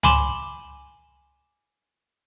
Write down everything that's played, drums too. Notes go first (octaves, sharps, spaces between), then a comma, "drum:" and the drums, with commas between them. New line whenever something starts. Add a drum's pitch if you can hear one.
G#5 B5 C6 D6 E7 F#7, drum: tom C#2